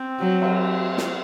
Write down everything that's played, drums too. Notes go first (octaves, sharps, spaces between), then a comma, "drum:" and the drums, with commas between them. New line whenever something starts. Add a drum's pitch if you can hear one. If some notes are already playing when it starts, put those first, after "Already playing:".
Already playing: C4
F#3
drum: cymbal
drum: snare